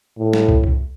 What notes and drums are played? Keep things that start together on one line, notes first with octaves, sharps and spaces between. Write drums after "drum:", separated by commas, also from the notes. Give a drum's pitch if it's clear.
A2
drum: snare
drum: kick
drum: kick